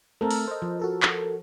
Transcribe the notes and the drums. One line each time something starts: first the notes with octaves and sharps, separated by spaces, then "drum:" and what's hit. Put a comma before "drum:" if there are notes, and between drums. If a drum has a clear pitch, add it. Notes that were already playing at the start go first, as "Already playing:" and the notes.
A3 C4 A4 A#4
drum: open hi-hat
C5 D#5
F3
F#4 A4 A#4
drum: clap